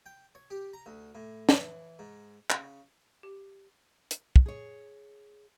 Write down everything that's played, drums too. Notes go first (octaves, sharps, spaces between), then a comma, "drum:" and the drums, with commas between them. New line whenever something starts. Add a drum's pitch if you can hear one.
G5
C#5
G4
A#5
D2
A2
E3, drum: snare
G#2
C#3, drum: clap
G4
drum: hi-hat
drum: kick
G#4 C#5